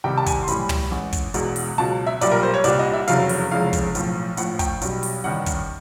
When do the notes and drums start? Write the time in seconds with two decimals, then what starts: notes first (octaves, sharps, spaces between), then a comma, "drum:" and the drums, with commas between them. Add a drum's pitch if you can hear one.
0.04 C2 C3 D#3 G3 G5
0.18 A5
0.26 G#5, drum: kick, hi-hat
0.43 C6
0.48 B1 A2 E3 G3 B5, drum: hi-hat
0.69 drum: tom
0.91 A1 G#2 E3
1.13 drum: kick, hi-hat
1.34 E1 E2 B2 G#3, drum: hi-hat
1.56 drum: open hi-hat
1.78 C#2 B2 F#3 A5
2.07 E5
2.21 B1 A#2 G3 D5, drum: hi-hat
2.31 A#4
2.43 C5
2.54 C#5
2.64 C2 A#2 G3 D5, drum: hi-hat
2.79 D#5
2.94 E5
3.08 F1 E2 C#3 F#3 F5, drum: hi-hat
3.29 drum: open hi-hat
3.51 F1 E2 C#3 F3 G#3 F5
3.73 drum: kick, hi-hat
3.95 B1 A2 F3, drum: hi-hat
4.37 A#1 A2 F3 F#5, drum: hi-hat
4.59 G5, drum: kick, hi-hat
4.81 B1 B2 G3, drum: hi-hat
5.03 drum: open hi-hat
5.24 A1 G2 D#3 F#5
5.46 drum: kick, hi-hat